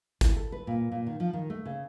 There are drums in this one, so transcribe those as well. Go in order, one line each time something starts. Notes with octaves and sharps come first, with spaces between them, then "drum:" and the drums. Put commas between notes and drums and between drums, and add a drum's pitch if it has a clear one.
E4, drum: kick G1, hi-hat
A4
B4
A#2
A#2
D#3
F3
D#3
A3
C#3